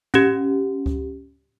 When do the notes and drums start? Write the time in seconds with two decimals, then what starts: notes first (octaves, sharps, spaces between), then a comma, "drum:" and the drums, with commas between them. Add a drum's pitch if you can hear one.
0.14 C#4 G4, drum: tom
0.86 drum: kick C#2